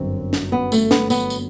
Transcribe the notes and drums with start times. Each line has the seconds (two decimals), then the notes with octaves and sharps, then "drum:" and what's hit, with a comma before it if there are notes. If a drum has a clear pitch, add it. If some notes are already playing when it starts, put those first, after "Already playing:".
Already playing: G1 F#2 D3 F#3 C4
0.33 drum: snare
0.52 B3
0.72 A3, drum: tambourine
0.91 B3, drum: snare
1.10 B3, drum: tambourine
1.30 drum: tambourine